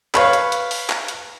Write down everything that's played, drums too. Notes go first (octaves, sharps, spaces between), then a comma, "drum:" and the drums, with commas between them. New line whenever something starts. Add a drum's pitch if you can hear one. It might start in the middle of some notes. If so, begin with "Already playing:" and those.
B4 C#5 F5, drum: clap
drum: hi-hat
drum: hi-hat
drum: open hi-hat
drum: clap
drum: hi-hat